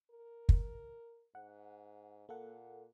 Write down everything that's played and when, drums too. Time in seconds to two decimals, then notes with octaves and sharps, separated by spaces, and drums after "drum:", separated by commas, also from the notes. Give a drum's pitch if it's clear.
0.11 A#4
0.49 drum: kick
1.35 G#2 F#5
2.29 A#2 A#3 A4 F#5